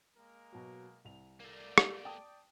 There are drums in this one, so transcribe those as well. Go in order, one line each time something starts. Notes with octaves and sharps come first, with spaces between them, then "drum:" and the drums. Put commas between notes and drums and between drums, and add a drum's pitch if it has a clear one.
G#3 A#3 A#4
B2 F#3
C2 F7
A3 A#3 D5
drum: rim click
G5 A5 D#6